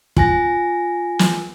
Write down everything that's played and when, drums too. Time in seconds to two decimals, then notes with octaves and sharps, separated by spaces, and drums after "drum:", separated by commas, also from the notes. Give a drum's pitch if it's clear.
0.17 F4 G#5 A#6, drum: kick
1.19 drum: snare